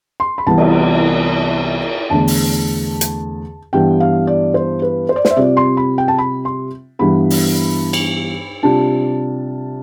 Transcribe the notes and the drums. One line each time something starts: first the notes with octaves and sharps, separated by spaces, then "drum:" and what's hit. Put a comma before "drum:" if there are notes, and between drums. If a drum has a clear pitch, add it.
C6
B5
C2 C3 E3 B3 A5
drum: cymbal
E2 D3 A3 A5
drum: open hi-hat
drum: hi-hat
G2 E3 G3 B3 D4 G5
F5
D5
C5
B4
C5
D5
C5, drum: snare
E5
C3 G3 C4 F4 D5
C6
B5
G5
A5
B5
C6
G2 E3 G3 B3 B5
drum: open hi-hat
drum: cymbal
C3 G3 D4 F4 A5